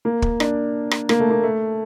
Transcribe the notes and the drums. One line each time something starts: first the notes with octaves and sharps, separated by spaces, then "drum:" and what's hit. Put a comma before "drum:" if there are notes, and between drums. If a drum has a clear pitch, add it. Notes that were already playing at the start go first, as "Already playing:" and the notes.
A#3
drum: kick
D4, drum: rim click
drum: rim click
A#3, drum: rim click
A3
A#3
A3